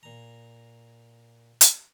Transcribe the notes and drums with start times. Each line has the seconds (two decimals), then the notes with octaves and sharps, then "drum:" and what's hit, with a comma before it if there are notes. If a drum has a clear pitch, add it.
0.03 A#2 A#5
1.61 drum: hi-hat